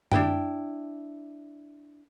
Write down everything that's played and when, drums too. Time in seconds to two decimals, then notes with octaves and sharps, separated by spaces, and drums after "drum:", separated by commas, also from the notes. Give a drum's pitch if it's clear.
0.12 D4 E4 B4 G5, drum: tom